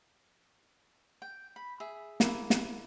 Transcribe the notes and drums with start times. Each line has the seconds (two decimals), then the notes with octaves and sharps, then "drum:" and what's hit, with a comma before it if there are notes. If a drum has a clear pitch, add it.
1.22 G5
1.56 B5
1.80 G#4 E5
2.20 A#3 E4, drum: snare
2.50 drum: snare